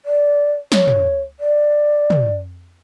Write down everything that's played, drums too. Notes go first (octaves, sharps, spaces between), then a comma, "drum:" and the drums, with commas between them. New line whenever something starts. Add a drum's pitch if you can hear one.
D5
C#5, drum: snare
drum: tom
D5
drum: tom